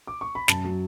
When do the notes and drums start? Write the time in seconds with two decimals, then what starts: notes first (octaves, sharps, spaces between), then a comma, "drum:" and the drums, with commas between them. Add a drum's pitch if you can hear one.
0.07 D6
0.21 C#6
0.35 B5
0.48 F#2 A5, drum: snare
0.65 F#3